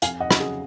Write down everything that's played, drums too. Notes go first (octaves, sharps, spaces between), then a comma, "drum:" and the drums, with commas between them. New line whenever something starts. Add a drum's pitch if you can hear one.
F2 F5 G#5, drum: hi-hat
D#5 F#5
C#3 F#3, drum: rim click
G#4